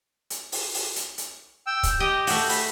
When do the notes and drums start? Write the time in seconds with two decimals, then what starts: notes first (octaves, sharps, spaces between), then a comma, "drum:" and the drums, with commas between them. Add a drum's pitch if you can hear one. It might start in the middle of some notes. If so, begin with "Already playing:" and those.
0.30 drum: hi-hat
0.52 drum: open hi-hat
0.74 drum: open hi-hat
0.96 drum: hi-hat
1.18 drum: hi-hat
1.67 G5 E6
1.83 drum: kick, hi-hat
2.00 G4 D#5 G5
2.27 A3 F#4, drum: open hi-hat
2.49 B5, drum: open hi-hat